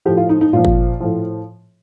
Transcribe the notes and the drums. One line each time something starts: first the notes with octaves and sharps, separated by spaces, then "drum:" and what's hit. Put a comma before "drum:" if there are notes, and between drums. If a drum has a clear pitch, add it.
A2 F3 G4
F4
D#4
D#4
A#2 F3 F4
drum: kick G1
A2 F3